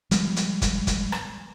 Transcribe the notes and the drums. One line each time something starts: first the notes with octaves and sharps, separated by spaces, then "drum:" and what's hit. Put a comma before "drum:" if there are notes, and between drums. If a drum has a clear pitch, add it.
F3 G3 G#3 B3, drum: hi-hat
drum: hi-hat
drum: kick, hi-hat
drum: kick, hi-hat
drum: rim click